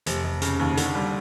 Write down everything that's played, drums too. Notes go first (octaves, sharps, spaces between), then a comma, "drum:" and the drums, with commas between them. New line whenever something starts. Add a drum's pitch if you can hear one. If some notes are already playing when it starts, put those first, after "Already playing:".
F1, drum: hi-hat
F1
C#3, drum: hi-hat
D#2
D3, drum: hi-hat
G3